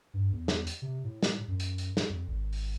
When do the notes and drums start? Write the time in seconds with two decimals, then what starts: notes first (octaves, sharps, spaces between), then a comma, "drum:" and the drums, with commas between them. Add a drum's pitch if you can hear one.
0.14 G2
0.32 E2
0.48 drum: snare
0.67 drum: hi-hat
0.82 C3
1.04 A2
1.23 drum: snare
1.48 F#2
1.60 drum: hi-hat
1.78 drum: hi-hat
1.97 drum: snare
2.09 F2
2.27 G#1
2.53 drum: open hi-hat